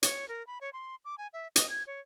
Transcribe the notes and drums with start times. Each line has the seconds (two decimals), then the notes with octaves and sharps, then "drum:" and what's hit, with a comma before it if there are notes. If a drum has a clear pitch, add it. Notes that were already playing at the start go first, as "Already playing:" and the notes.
0.03 C#5, drum: hi-hat
0.28 A#4
0.47 B5
0.61 C#5
0.73 C6
1.05 D6
1.18 G#5
1.33 E5
1.56 D#5, drum: hi-hat
1.69 G#6
1.87 C#5